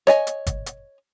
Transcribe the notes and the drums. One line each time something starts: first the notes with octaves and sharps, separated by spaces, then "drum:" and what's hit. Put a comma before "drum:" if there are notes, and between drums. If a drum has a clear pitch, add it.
C#5 D#5 G#5, drum: rim click
drum: hi-hat
drum: kick G1, hi-hat
drum: hi-hat